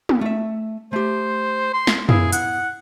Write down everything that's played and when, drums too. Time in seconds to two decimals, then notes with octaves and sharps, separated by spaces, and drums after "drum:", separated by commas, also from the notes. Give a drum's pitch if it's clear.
0.09 drum: tom
0.21 A3 E5
0.93 A3 G4 C5
1.74 C6
1.87 drum: snare
2.09 B3 E4 G#4 F5, drum: tom
2.33 F#5, drum: hi-hat